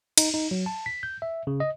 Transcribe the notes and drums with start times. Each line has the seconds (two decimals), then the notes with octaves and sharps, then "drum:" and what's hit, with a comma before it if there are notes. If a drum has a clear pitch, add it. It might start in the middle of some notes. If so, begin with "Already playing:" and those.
0.18 D#4, drum: cymbal
0.34 D#4
0.51 F#3
0.66 A5
0.86 B6
1.03 G6
1.22 E5
1.47 C#3
1.60 D#5